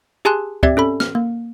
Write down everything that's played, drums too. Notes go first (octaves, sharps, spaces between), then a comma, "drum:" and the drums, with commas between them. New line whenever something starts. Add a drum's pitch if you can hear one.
G4 G#4 G#5 A5 C6 F#6
C4 G4 D5 E5 G#6, drum: kick
C#4 A4 B5
F6, drum: snare
A#3